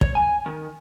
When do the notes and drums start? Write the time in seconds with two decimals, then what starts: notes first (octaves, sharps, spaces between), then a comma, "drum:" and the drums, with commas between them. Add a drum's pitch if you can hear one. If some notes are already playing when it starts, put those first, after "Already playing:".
0.01 C#5, drum: kick
0.15 G#5
0.46 D#3